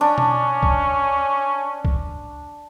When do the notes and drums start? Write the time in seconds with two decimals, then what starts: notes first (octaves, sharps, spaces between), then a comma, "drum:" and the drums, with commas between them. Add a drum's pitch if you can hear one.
0.01 C#4 D4
0.18 drum: tom B2
0.63 drum: kick
1.85 drum: kick